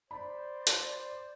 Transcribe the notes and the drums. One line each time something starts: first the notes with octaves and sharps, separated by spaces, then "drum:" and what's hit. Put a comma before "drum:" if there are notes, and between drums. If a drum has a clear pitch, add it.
C5 D5 B5
drum: hi-hat